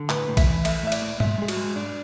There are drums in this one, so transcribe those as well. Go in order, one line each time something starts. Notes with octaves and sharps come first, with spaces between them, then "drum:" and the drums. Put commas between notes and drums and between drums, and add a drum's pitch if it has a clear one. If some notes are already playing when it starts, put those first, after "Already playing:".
Already playing: D3
A2 B4, drum: clap
A2
E5, drum: kick A1, cymbal
E3
A3 E5, drum: cymbal
A2 E5
D5, drum: cymbal
A3
G#3 E5, drum: tom G#2
G#3 G#4
F#4, drum: cymbal
G#3
G#2 D4